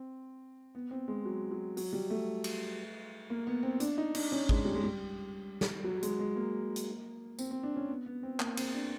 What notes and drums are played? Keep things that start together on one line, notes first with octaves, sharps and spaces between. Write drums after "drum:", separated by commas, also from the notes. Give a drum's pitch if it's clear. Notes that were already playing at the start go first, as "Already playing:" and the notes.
Already playing: C4
B3
C4
G#3
F#3
F#3
F#3, drum: open hi-hat
G3
A3
drum: cymbal
A#3
B3
C4
D4, drum: hi-hat
D#4
D4, drum: cymbal
C#4
G#3, drum: kick
G3
G#3
G3
drum: snare
F#3
G#3, drum: hi-hat
G#3
A#3
drum: hi-hat
C4, drum: tambourine
C4
D4
C#4
B3
B3
C4
A#3, drum: clap
C4, drum: cymbal
D4